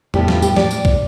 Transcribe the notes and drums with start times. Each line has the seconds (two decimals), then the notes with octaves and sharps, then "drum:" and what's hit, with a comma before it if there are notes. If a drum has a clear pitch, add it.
0.14 A2 G3 B3 E4 G4, drum: tom E2
0.28 F4, drum: snare
0.42 G4, drum: tambourine
0.56 D5, drum: snare
0.71 drum: tambourine
0.85 drum: kick